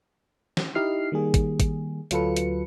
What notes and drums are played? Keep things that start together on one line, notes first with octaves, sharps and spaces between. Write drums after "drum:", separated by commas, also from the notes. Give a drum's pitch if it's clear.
drum: snare
D#4 E4 G4 D#5 F6 C7
D#3 G3 A#3 G#4
drum: kick, hi-hat
drum: kick, hi-hat
D2 F#3 F4 A4 B4 C#7, drum: hi-hat
drum: hi-hat